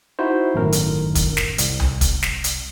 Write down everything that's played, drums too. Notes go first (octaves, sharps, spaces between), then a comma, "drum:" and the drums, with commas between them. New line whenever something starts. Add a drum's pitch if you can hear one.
D#4 E4 F#4 C5
G1 F#2 A2 D#3 A#4
drum: hi-hat
drum: kick, hi-hat
drum: snare
C2, drum: hi-hat
drum: tom C2
drum: kick, hi-hat
drum: snare
drum: hi-hat